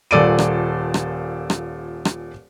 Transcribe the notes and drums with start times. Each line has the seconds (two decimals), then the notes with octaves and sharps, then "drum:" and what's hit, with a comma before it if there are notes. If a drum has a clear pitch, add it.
0.11 D#1 A#2 A4 D5 D7 D#7
0.39 drum: rim click
0.94 drum: rim click
1.50 drum: rim click
2.05 drum: rim click